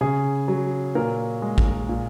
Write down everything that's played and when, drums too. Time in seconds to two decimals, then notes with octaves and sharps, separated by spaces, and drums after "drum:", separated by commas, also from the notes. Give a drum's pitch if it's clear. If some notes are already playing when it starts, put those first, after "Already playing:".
0.01 C#3 G#4
0.48 F#3
0.95 A#2 A#4
1.42 G#3
1.58 drum: kick
1.89 A#2